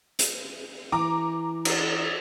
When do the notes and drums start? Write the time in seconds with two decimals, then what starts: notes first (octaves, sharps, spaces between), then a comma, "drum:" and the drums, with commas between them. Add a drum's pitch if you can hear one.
0.19 drum: hi-hat
0.92 E3 A#5 D6
1.65 drum: cymbal